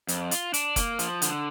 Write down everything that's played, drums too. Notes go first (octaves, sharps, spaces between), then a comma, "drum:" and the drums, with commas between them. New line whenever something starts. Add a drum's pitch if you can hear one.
F2, drum: hi-hat
F4, drum: hi-hat
D4, drum: hi-hat
A#3, drum: kick F#1, hi-hat
F3, drum: hi-hat
D3, drum: hi-hat